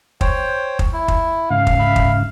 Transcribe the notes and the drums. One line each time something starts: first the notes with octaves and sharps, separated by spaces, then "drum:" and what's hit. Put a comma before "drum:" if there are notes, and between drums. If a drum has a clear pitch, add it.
C5 C#5 G5, drum: kick
drum: kick
E4
drum: kick
G#2 C#3 F5
drum: kick
E5 B5
drum: kick